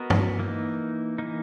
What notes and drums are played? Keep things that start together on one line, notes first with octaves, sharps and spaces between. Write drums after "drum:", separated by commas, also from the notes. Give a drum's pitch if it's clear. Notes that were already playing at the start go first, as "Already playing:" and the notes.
Already playing: B3 F#4 A#4 D#5
drum: tom G2
E3 A#3 D#4
E3 A#3 D#4